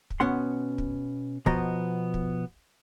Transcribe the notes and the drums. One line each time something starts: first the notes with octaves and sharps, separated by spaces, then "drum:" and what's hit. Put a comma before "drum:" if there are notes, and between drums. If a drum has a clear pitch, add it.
drum: kick
B2 B3 C#4 F#5 C6
drum: kick
B2 F3 B3 D#5 A#5, drum: kick
drum: kick